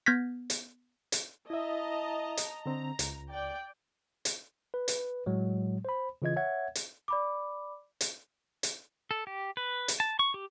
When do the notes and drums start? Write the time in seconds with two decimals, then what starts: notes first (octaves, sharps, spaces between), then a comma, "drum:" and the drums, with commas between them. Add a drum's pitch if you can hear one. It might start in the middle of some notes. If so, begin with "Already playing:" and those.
0.06 B3 F6 G6 G#6 A#6 B6
0.50 drum: hi-hat
1.12 drum: hi-hat
1.50 E4 D#5 E5 A5 A#5
2.37 drum: hi-hat
2.66 D3 C4 A#5
2.99 C#2, drum: hi-hat
3.32 D5 G5
4.25 drum: hi-hat
4.74 B4
4.88 drum: hi-hat
5.26 A2 F#3 G#3
5.85 C5 B5
6.22 C#3 E3 F4 D#5 G#6
6.36 C#5 E5 F#5 G#6
6.75 drum: hi-hat
7.08 D5 B5 D6
8.01 drum: hi-hat
8.63 drum: hi-hat
9.11 A4
9.27 G4
9.57 B4
9.88 drum: hi-hat
10.00 A5
10.19 C#6
10.34 G4